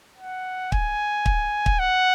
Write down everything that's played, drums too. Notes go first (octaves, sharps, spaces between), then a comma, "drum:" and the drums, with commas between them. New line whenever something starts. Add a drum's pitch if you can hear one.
F#5
G#5, drum: kick
drum: kick
drum: kick
F#5